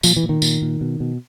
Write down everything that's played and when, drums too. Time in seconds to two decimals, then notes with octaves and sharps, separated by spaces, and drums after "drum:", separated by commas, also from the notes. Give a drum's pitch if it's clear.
0.03 A#2 F3, drum: tambourine
0.16 E3
0.23 A#2
0.29 D#3
0.42 A#2, drum: tambourine
0.62 A#2
0.81 B2
1.00 B2